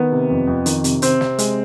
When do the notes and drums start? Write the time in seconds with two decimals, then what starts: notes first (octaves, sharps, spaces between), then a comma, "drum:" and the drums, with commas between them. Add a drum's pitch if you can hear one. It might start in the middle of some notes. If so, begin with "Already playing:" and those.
Already playing: D#3 B3
0.12 C3
0.30 F2
0.47 F2
0.66 D#3, drum: hi-hat
0.84 C3, drum: hi-hat
1.02 C3 C4, drum: hi-hat
1.21 C3, drum: snare
1.39 G#3, drum: hi-hat